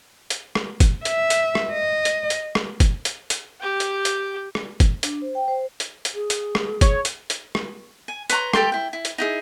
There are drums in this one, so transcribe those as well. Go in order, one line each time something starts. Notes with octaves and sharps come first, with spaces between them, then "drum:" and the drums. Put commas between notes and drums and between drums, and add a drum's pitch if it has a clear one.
drum: hi-hat
drum: rim click
drum: kick, hi-hat
E5, drum: hi-hat
drum: hi-hat
drum: rim click
D#5
drum: hi-hat
drum: hi-hat
drum: rim click
drum: kick, hi-hat
drum: hi-hat
drum: hi-hat
G4 G5
drum: hi-hat
drum: hi-hat
drum: rim click
drum: kick, hi-hat
D4, drum: hi-hat
C5
G5
C5
drum: hi-hat
drum: hi-hat
G#4
drum: hi-hat
drum: rim click
C#5, drum: kick, hi-hat
drum: hi-hat
drum: hi-hat
drum: rim click
G#5
B4 C#5 A#5 C6, drum: hi-hat
G4 A4 G5 C6, drum: rim click
E4 G5
E4
drum: hi-hat
D#4 E4 G#4